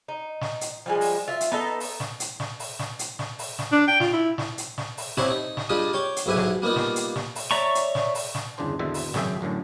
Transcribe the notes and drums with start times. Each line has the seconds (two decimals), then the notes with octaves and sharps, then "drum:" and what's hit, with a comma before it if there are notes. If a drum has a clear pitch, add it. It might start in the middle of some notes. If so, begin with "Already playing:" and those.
0.08 D#4
0.41 drum: snare
0.61 drum: hi-hat
0.86 F3 G3 G#3
1.01 drum: open hi-hat
1.28 F4 E5
1.41 drum: hi-hat
1.52 B3 D#4 A4
1.80 drum: open hi-hat
2.00 drum: snare
2.20 drum: hi-hat
2.40 drum: snare
2.60 drum: open hi-hat
2.79 drum: snare
2.99 drum: hi-hat
3.19 drum: snare
3.39 drum: open hi-hat
3.59 drum: snare
3.72 D4
3.88 G5
4.00 F4, drum: snare
4.13 E4
4.38 drum: snare
4.58 drum: hi-hat
4.78 drum: snare
4.98 drum: open hi-hat
5.17 C4 E4 G4 C#5 F#5, drum: snare
5.30 D#4
5.57 drum: snare
5.69 G3 D4 F4 G4 G#4 D#5
5.93 C#5 G5 C#6 D6
6.16 drum: hi-hat
6.26 B1 G#2 E4 G4 B4 G#5
6.36 drum: snare
6.62 G3 A#3 B3 D#4 F4
6.76 drum: snare
6.96 drum: hi-hat
7.16 drum: snare
7.35 drum: open hi-hat
7.51 C#5 D5 E5 A#5 C#6
7.75 drum: hi-hat
7.95 drum: snare
8.15 drum: open hi-hat
8.35 drum: snare
8.58 G1 E2 C#3 D4 C5
8.79 G#1 E2 B2 D3 C5 E5
8.94 drum: open hi-hat
9.14 G#1 F#2 C#3 G#4 E5 G5, drum: snare
9.41 A1 F#2 A2 D3